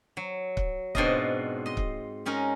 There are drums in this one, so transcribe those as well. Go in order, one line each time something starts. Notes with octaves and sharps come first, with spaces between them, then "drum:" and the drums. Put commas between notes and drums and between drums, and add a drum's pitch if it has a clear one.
F#3
drum: kick
G#2 B2 C4 D4 F4 D#5, drum: kick
D#5 C6
drum: kick
G#3 C#4 D#4 A#4